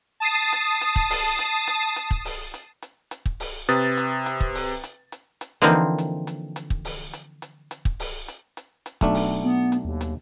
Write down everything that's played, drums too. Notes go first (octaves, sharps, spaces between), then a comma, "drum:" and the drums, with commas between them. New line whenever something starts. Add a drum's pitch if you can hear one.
A5 D#6 C7
drum: hi-hat
drum: hi-hat
drum: kick
drum: open hi-hat
drum: hi-hat
drum: hi-hat
drum: hi-hat
drum: kick
drum: open hi-hat
drum: hi-hat
drum: hi-hat
drum: hi-hat
drum: kick
drum: open hi-hat
C3 B4 D#6 A6, drum: hi-hat
drum: hi-hat
drum: hi-hat
drum: kick
drum: open hi-hat
drum: hi-hat
drum: hi-hat
drum: hi-hat
D3 E3 F3 A#3 C4 D#4
drum: hi-hat
drum: hi-hat
drum: hi-hat
drum: kick
drum: open hi-hat
drum: hi-hat
drum: hi-hat
drum: hi-hat
drum: kick
drum: open hi-hat
drum: hi-hat
drum: hi-hat
drum: hi-hat
B1 A3 D4, drum: kick
drum: open hi-hat
B3
drum: hi-hat
D#2
drum: hi-hat